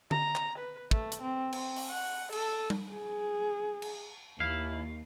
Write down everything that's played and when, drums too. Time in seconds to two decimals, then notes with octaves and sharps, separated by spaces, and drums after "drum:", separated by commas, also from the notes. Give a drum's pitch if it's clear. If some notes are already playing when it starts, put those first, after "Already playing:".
0.11 A#5, drum: tom D3
0.35 drum: clap
0.59 B4
0.91 A3, drum: kick
1.12 drum: hi-hat
1.22 C4
1.53 C4, drum: cymbal
1.76 drum: open hi-hat
1.90 F#5
2.32 A4, drum: cymbal
2.70 drum: tom G3
2.92 G#4
3.82 drum: cymbal
4.40 D#2 E4 F5